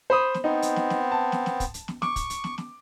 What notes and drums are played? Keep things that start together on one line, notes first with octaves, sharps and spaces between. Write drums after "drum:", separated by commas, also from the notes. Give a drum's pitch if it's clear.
C5 B5 D#6
drum: snare
B3 C4 D#4
drum: hi-hat
drum: snare
drum: snare
A5
drum: snare
drum: snare
drum: kick, hi-hat
drum: hi-hat
drum: snare
C#6 D6, drum: snare
drum: kick, hi-hat
drum: hi-hat
drum: snare
drum: snare